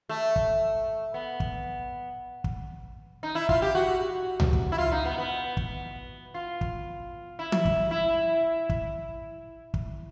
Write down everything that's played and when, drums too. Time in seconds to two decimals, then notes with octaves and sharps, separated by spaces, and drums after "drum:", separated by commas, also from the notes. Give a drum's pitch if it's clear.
0.09 A3
0.36 drum: kick
1.14 B3
1.40 drum: kick
2.44 drum: kick
3.23 D#4
3.35 E4
3.49 F4, drum: kick
3.62 G4
3.75 F#4
4.40 drum: tom C#2
4.53 drum: kick
4.72 E4
4.78 F4
4.92 D#4
5.05 B3
5.18 B3
5.57 drum: kick
6.34 F4
6.61 drum: kick
7.39 E4
7.52 drum: tom E3
7.65 drum: kick
7.91 E4
8.69 drum: kick
9.74 drum: kick